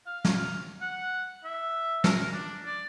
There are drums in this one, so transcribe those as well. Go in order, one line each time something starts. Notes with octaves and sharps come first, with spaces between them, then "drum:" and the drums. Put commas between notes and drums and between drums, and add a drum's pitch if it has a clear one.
F5
drum: snare
F#5
E5
A#4, drum: snare
D4
D5